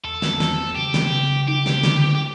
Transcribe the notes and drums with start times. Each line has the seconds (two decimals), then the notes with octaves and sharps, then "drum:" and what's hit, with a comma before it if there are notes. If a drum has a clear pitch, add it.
0.04 E2 A4
0.22 drum: snare
0.40 F#3, drum: snare
0.76 C#3 G4
0.94 drum: snare
1.12 C#3
1.48 D#4 G4
1.66 drum: snare
1.83 D3, drum: snare
2.15 G4